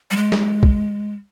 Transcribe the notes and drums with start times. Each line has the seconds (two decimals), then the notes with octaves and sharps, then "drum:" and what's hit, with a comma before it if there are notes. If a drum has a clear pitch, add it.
0.11 G3
0.17 G#3
0.32 drum: snare
0.63 drum: kick B1